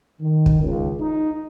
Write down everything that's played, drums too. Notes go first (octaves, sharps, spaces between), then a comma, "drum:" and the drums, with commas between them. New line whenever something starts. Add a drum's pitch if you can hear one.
D#3
drum: kick
C#2
D#4